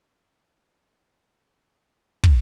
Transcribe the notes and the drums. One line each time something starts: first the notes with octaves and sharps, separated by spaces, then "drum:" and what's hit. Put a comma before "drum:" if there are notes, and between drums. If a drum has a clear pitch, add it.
F#2 E3 G3 F#4 C#5
C4 D4 F#4 G4 A4
drum: kick